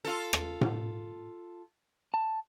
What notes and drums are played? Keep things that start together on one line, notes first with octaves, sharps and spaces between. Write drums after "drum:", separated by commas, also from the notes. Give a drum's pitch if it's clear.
F4 A4
drum: rim click
drum: tom A2
A5